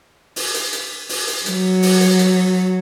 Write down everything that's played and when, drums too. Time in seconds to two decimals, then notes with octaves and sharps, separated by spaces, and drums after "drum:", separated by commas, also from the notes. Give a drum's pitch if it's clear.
0.36 drum: open hi-hat
0.54 drum: hi-hat
0.73 drum: hi-hat
1.09 drum: open hi-hat
1.28 drum: hi-hat
1.46 F#3, drum: hi-hat
1.82 drum: open hi-hat
2.01 drum: hi-hat
2.19 drum: hi-hat